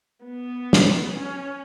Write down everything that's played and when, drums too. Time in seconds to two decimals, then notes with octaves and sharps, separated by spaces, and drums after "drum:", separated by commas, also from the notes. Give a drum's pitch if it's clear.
0.25 B3
0.73 drum: snare
1.12 C#4